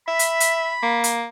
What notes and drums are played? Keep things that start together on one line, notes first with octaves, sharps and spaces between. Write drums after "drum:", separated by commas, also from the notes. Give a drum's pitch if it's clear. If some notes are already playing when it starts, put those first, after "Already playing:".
E5 B5
drum: hi-hat
drum: hi-hat
A#3
drum: hi-hat